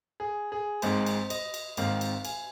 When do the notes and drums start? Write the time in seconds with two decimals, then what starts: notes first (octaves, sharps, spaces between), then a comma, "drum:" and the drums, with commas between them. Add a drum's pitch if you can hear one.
0.20 G#4
0.52 G#4
0.82 G#1 G#2 G#3 C4 C5, drum: cymbal
1.06 drum: cymbal
1.30 D#5, drum: cymbal
1.54 drum: cymbal
1.77 G#1 G#2 D#3 C4 F5, drum: cymbal
2.01 drum: cymbal
2.25 G#5, drum: cymbal